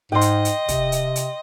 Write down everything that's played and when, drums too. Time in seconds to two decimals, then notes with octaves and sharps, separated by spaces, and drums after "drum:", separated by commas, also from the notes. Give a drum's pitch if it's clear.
0.12 G#2 D#5 G5 C6
0.21 drum: hi-hat
0.45 drum: hi-hat
0.68 C3, drum: kick, hi-hat
0.92 drum: hi-hat
1.16 drum: hi-hat